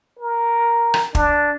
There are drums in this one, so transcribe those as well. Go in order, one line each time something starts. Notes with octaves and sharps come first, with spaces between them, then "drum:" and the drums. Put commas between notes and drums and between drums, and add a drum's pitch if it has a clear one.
A#4
drum: rim click
D4, drum: kick